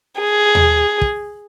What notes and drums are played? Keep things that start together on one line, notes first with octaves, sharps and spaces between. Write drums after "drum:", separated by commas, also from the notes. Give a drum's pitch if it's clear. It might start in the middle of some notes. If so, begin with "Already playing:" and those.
G#4
drum: tom D#2
drum: kick